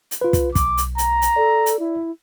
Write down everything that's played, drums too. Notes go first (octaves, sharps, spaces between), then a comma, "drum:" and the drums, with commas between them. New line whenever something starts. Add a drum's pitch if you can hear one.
drum: hi-hat
F4 B4
drum: kick, hi-hat
B1 D6, drum: kick, hi-hat
drum: hi-hat
A#5, drum: hi-hat
drum: hi-hat
A4 D5
drum: hi-hat
E4